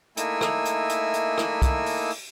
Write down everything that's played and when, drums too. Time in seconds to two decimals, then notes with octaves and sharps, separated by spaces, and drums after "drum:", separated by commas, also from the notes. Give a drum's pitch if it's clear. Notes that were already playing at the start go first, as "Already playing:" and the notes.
0.17 A3 A#3 D#4 E4 G#5 E6, drum: hi-hat
0.41 drum: rim click
0.65 drum: hi-hat
0.89 drum: hi-hat
1.13 drum: hi-hat
1.38 drum: rim click
1.62 drum: kick, hi-hat
1.86 drum: open hi-hat
2.10 drum: open hi-hat